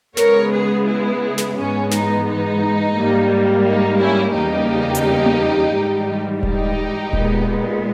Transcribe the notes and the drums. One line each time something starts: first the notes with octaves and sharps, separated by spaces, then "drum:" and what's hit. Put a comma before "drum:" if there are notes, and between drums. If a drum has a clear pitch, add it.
C#3 G#3 B3 A#4 C#5, drum: snare
G#4 B4
E4 G#4
drum: snare
G#2 E3 G#3 B3 C#4
D#4, drum: snare
D#4
G#2 G3 A#3
D#4
C#4 E4
E2 C#3 G3 A#3 D#4 G4
drum: hi-hat
drum: tom A#3
G#2 E3 G3
D#4 G4, drum: kick D#1
A#2 G#3 B3, drum: kick D#1